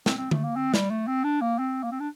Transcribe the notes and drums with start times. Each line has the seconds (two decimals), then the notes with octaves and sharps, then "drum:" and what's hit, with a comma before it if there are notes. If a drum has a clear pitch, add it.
0.06 C4, drum: snare
0.18 C4
0.31 A3, drum: tom D3
0.44 A#3
0.56 C4
0.74 G3, drum: snare
0.90 A3
1.07 C4
1.24 D4
1.41 A#3
1.58 C4
1.83 A#3
1.92 C4
2.00 D4